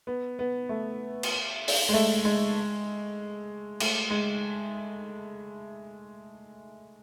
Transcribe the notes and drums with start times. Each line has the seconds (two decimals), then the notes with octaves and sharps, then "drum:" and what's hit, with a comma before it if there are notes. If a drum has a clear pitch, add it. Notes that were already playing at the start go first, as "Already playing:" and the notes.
0.07 B3
0.39 B3
0.69 A3
1.23 drum: cymbal
1.68 drum: open hi-hat
1.89 G#3
1.93 A3
2.25 G#3
3.80 A3, drum: cymbal
4.10 G#3